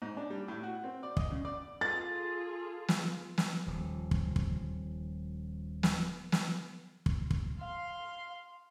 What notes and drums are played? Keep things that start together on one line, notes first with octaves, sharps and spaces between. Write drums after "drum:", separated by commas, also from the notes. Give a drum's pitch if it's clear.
G#2
D4
G3
A2
F#4
C4
D5
D#5, drum: kick
C#3
D5
F4 G#4 A4 A6
drum: snare
drum: snare
D#1 F3
drum: kick
drum: kick
drum: snare
drum: snare
drum: kick
drum: kick
F5 C6